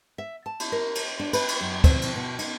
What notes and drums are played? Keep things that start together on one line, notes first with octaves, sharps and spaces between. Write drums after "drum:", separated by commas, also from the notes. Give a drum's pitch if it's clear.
E5
A5
drum: cymbal
A#4
drum: cymbal
D4
B4, drum: cymbal
drum: cymbal
F#2
C4, drum: kick, cymbal
drum: cymbal
B2
D#4, drum: cymbal